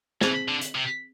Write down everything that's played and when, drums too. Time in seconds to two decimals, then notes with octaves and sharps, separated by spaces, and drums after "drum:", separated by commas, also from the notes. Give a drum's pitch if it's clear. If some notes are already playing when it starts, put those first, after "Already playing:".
0.21 E3 C4 G#4 C5, drum: snare
0.48 D3
0.61 drum: hi-hat
0.75 C3